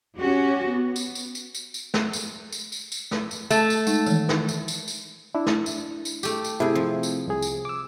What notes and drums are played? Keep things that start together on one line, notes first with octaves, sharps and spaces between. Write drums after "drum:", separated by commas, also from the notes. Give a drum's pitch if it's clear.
C#4 F#4 G4
B3
drum: tambourine
drum: tambourine
drum: tambourine
drum: tambourine
drum: tambourine
drum: snare
drum: tambourine
drum: tambourine
drum: tambourine
drum: tambourine
drum: snare
drum: tambourine
A3, drum: tambourine
drum: tambourine
G#3 D#4, drum: tambourine
D#3 E3 G#3, drum: tambourine
drum: snare
drum: tambourine
drum: tambourine
drum: tambourine
D4 E4
drum: snare
drum: tambourine
drum: tambourine
A3 G4, drum: tambourine
drum: tambourine
C3 A3 E4 G#4
F3
drum: tambourine
C2 G#4
drum: tambourine
D6 E6